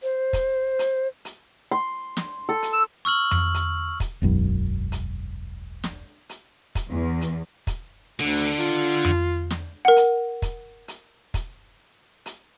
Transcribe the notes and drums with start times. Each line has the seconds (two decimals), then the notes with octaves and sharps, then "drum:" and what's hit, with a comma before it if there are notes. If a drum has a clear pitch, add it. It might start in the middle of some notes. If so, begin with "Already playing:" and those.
0.03 C5
0.33 drum: kick, hi-hat
0.79 drum: hi-hat
1.25 drum: hi-hat
1.71 C6
2.17 drum: snare
2.49 A4
2.63 drum: hi-hat
2.73 E6
3.05 C#6 E6 F6 F#7
3.31 drum: tom F2
3.54 drum: hi-hat
4.00 drum: kick, hi-hat
4.22 E1 B1 F#2
4.92 drum: hi-hat
5.84 drum: snare
6.29 drum: hi-hat
6.75 drum: kick, hi-hat
6.90 E2
7.21 drum: hi-hat
7.67 drum: kick, hi-hat
8.20 D2 D3
8.59 F4, drum: hi-hat
9.05 drum: tom F2
9.51 drum: snare
9.85 A#4 F#5
9.96 drum: hi-hat
10.42 drum: kick, hi-hat
10.88 drum: hi-hat
11.34 drum: kick, hi-hat
12.26 drum: hi-hat